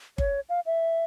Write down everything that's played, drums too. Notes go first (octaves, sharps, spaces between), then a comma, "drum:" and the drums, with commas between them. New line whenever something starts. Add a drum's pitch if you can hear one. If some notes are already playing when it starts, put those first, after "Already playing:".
C#5, drum: kick G1
F5
E5